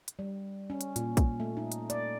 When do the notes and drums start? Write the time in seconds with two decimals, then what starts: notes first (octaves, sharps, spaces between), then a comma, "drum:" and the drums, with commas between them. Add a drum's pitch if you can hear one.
0.08 drum: hi-hat
0.19 G3
0.70 C#4
0.81 drum: hi-hat
0.96 A#2, drum: hi-hat
1.17 drum: kick, hi-hat
1.40 A3
1.57 D#4
1.72 drum: hi-hat
1.90 D5, drum: hi-hat